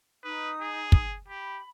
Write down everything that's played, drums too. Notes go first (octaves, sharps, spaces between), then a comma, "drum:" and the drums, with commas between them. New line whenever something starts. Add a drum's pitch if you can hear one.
D#4 B4 D#6
G#4
drum: kick
G4 B5